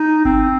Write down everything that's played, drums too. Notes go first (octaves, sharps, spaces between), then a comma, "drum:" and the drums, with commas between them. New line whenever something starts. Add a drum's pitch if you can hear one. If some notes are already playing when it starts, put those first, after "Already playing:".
Already playing: D#4
C4, drum: kick G1